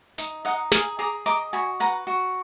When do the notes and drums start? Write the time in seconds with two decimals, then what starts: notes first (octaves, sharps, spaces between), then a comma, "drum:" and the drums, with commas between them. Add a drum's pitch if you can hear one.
0.18 D#4, drum: hi-hat
0.45 D#4 D#5 F#5
0.72 G#4 F5 G#5, drum: snare
0.99 G#4 A#5 D6
1.26 D#5 A#5 D6
1.53 F#4 G#5 B5
1.80 B4 F#5 A#5
2.07 F#4